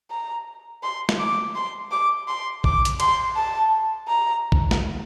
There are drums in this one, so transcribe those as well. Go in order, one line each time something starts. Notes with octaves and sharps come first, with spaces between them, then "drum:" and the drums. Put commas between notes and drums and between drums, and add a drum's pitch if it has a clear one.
A#5
C6
drum: snare
D6
C6
D6
C6
D6, drum: kick
drum: hi-hat
C6, drum: cymbal
A5
A#5
drum: kick
drum: snare